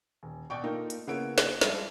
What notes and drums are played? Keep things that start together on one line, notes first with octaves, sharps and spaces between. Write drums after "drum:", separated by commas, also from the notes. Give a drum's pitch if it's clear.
D#1
B2 D5 G5 C#6
A3 A#3 D#4 F4 A#4
drum: hi-hat
C#3 A#3 B3 E4 C#5 D7
drum: snare
F3 G3 G#3 F4 E5, drum: snare